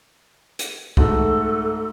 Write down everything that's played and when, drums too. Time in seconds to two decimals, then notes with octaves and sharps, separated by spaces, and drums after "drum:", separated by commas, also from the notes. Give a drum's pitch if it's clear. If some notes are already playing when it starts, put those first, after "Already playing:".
0.59 drum: hi-hat
0.97 G#2 A3 F#4 A4, drum: kick C2